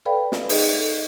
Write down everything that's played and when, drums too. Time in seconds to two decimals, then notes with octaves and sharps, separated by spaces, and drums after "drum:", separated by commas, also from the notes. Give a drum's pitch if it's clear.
0.05 A4 B4 D5 F5 G5 B5
0.32 drum: snare
0.49 D#4 G#4 D#5, drum: open hi-hat
0.78 A4